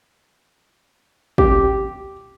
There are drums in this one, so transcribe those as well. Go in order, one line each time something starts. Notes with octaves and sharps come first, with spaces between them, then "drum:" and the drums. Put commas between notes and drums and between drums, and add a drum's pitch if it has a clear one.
G4, drum: kick